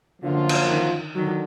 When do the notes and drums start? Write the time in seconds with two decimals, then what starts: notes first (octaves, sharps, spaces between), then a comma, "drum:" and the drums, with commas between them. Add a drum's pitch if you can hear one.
0.22 F#2 D3 F3 A#3 F4
0.49 drum: cymbal
0.69 D#3
1.15 D3 D#3 F#3